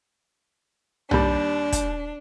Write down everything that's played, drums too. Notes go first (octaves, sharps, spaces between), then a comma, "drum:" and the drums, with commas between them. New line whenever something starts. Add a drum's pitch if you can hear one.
D#2 G3 D4, drum: tom
drum: kick, hi-hat